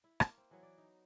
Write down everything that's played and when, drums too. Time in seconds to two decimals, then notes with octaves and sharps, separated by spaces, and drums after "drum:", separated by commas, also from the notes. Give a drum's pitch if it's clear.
0.04 E4
0.20 A#3, drum: rim click
0.38 C4
0.51 E3 F#3 B3
0.63 D5
0.78 D#4